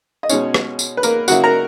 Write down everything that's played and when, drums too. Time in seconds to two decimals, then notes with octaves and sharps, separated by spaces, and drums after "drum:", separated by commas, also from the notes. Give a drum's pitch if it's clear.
0.23 D#5
0.29 B2 G#3 C#4 D#4 C#5, drum: tambourine
0.54 drum: rim click
0.79 drum: tambourine
0.97 B4
1.03 A#3 A#4, drum: tambourine
1.28 C#3 F#3 A#3 E4 F#4 F#5, drum: tambourine
1.44 A#4 A#5